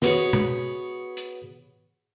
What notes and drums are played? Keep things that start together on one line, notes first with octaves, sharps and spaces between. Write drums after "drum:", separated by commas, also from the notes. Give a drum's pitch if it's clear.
B3 F#4 G#4 C#5, drum: snare
drum: tom
drum: hi-hat